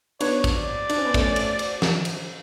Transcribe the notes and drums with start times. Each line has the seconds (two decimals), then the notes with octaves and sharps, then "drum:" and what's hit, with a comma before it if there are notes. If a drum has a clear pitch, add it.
0.20 B3 D4 C#5, drum: cymbal
0.44 drum: kick, cymbal
0.56 D5
0.89 D4, drum: cymbal
0.98 C#4
1.06 B3
1.14 A3 C#4, drum: kick, cymbal
1.36 drum: cymbal
1.59 drum: cymbal
1.82 drum: snare
2.05 drum: cymbal